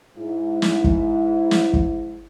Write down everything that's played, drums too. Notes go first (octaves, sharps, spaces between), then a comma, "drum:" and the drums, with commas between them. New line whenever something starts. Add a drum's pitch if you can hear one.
G#2 E4
drum: snare
drum: kick
drum: snare
drum: kick